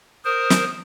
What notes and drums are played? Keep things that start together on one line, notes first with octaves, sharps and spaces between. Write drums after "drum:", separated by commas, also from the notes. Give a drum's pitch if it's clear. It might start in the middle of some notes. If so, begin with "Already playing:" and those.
A#4 C5 D#6
drum: snare